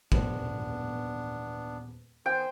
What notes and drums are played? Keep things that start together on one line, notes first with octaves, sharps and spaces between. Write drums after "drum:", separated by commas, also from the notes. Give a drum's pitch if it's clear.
D#1 E2 B3 D4 C5, drum: kick
D#3 B3 C5 G5 G#5